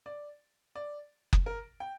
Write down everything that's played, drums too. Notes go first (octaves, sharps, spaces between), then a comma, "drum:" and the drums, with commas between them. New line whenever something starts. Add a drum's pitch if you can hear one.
D5
D5
drum: kick F#1
A#4
G5